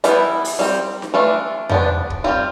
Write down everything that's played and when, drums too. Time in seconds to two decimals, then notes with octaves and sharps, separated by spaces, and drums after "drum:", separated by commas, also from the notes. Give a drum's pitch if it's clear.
0.04 E3 G3 B3 E4, drum: hi-hat
0.45 drum: open hi-hat
0.59 G3 C4
1.02 drum: snare D#4
1.14 E3 A3 D4 F4
1.69 F3 B3 D4, drum: tom F2
2.10 drum: kick
2.24 G3 C4 F4